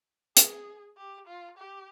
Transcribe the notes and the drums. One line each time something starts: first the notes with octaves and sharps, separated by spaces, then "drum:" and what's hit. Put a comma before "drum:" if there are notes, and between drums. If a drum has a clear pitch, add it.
G#4, drum: hi-hat
G4
F4
G4